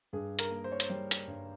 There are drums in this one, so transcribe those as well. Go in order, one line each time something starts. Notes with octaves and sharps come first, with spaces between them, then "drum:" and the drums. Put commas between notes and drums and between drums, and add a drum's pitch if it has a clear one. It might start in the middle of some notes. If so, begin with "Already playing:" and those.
G2 G#4
A#4, drum: hi-hat
A#3
C5
C#5
C5, drum: hi-hat
G3
drum: hi-hat
G2